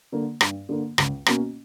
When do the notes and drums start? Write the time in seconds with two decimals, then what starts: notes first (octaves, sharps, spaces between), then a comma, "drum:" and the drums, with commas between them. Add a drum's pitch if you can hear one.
0.12 D3 A#3
0.41 G2, drum: rim click
0.69 D3 A#3
0.98 C#2, drum: rim click
1.26 B2 A#3 C#4 F#4, drum: rim click